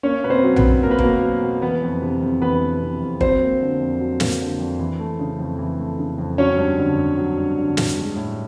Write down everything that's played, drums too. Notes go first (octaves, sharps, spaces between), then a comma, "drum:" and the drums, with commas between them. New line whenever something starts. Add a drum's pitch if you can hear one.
A#3 C#4 C#5
B2 B4
C4 C5
F#3
B3 B4, drum: tom A#1
B2
A#3 A#4
B4
B2 A#3 A#4, drum: kick G1
F#3
B2
E3 B3 B4
F2
C3
F2
E3 B3 B4
F2
C3
F2
F#3 C4 C5, drum: kick G1
A#3
D3
F2
F#3
A#3, drum: snare
D3
F2
E3
A3
C#3
F2
E3
A3
C#3
F2
F#3 C#4 C#5
G2
D3
G2
F#3
G2
D3
G2, drum: snare
G#3
A2